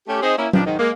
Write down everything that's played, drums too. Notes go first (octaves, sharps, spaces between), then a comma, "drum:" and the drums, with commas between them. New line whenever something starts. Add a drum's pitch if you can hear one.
A3 C#4 G4
C4 D#4 G#4 C5 D#5
A#3 C#4 E4
D#3 F3 D4, drum: tom F#3
G#2 D#3
G#3 A#3